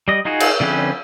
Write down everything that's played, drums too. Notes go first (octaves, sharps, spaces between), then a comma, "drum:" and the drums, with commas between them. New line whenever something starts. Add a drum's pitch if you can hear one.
G3 D#5
D#4 F4 F#4 G#4
drum: cymbal
D3 F3 C4 C#4 B4